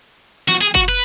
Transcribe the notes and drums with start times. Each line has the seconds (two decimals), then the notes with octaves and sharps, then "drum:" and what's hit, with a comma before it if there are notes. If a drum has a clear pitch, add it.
0.49 F#4, drum: snare
0.61 G#4
0.75 F#4, drum: kick F#1
0.89 B4